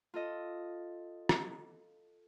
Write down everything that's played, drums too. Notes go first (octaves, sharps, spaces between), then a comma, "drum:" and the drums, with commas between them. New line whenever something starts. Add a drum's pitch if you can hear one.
F4 A4 D#5
drum: rim click